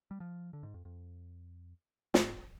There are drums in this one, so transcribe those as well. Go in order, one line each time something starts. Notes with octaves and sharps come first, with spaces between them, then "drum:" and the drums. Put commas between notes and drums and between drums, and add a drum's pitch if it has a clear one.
G3
F3
D3
G#2
F2
F2
G#2, drum: snare